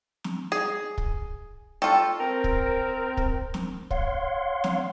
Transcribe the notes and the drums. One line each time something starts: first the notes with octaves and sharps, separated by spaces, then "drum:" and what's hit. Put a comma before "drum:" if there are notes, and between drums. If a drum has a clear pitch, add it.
drum: snare
G#4
drum: kick
F4 A4 G5 C#6
C4 A#4
drum: kick
drum: kick
drum: snare
C#5 F5 F#5 C6, drum: kick
drum: snare